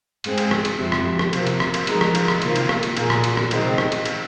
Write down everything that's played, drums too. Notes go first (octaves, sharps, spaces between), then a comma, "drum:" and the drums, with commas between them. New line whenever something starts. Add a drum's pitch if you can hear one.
G#2 G#3 C4 G#4, drum: cymbal
drum: cymbal
drum: rim click
drum: cymbal
F2 C3 F3
drum: rim click
drum: rim click
C3 F3 A#3, drum: cymbal
drum: cymbal
drum: rim click
drum: cymbal
F3 G#3 D#4 A#4, drum: cymbal
drum: rim click
drum: cymbal
drum: rim click
C3 D#3 A#3 F4 A#4, drum: cymbal
drum: cymbal
drum: rim click
drum: cymbal
A#2 A#3 G#4, drum: cymbal
drum: rim click
drum: cymbal
drum: rim click
C3 D#3 G#3 C4 D#4, drum: cymbal
drum: rim click
drum: cymbal
drum: cymbal